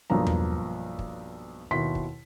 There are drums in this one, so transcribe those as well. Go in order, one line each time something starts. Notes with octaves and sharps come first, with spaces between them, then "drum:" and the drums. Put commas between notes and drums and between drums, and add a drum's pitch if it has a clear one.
B1 G2 F3 A#3 A#5
drum: tom E2
drum: kick
D#2 B2 E4 C6 B6
drum: kick